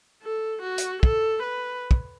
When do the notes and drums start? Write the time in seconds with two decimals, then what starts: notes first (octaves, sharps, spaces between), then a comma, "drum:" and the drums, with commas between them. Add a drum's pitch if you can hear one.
0.22 A4
0.63 F#4
0.78 drum: hi-hat
1.03 A4, drum: kick
1.43 B4
1.91 drum: kick